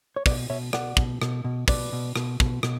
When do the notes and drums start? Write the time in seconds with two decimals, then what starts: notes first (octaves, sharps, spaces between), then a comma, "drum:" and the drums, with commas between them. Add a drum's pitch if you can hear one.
0.16 C#5
0.26 B2 B4 D5, drum: kick, open hi-hat
0.50 B2 C#5 E5
0.73 B2 D5 F#5, drum: rim click
0.97 B2, drum: kick
1.22 B2, drum: rim click
1.44 B2
1.68 B2 B4 D5, drum: kick, open hi-hat
1.92 B2
2.16 B2, drum: rim click
2.40 B2, drum: kick
2.63 B2, drum: rim click